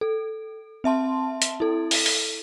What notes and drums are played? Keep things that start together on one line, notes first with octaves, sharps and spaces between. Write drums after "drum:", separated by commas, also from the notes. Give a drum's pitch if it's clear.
A4
C4 E5 A5 C6
drum: hi-hat
E4 A4
drum: open hi-hat
drum: open hi-hat